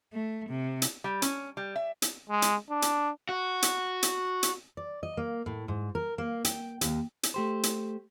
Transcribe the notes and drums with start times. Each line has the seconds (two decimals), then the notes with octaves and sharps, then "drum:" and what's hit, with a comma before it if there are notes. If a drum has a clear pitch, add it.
0.13 A3
0.49 C3
0.82 drum: hi-hat
1.04 G3
1.22 C#4, drum: hi-hat
1.57 G3
1.76 E5
2.02 drum: hi-hat
2.29 G#3
2.42 drum: hi-hat
2.70 D4
2.82 drum: hi-hat
3.29 F#4
3.62 drum: hi-hat
4.03 drum: hi-hat
4.43 drum: hi-hat
4.77 D5
5.03 D#5
5.17 A#3
5.46 A2
5.68 G#2
5.95 A#4
6.18 A#3
6.45 G5, drum: hi-hat
6.81 D#2, drum: hi-hat
7.23 drum: hi-hat
7.34 A3 G4 C5
7.63 drum: hi-hat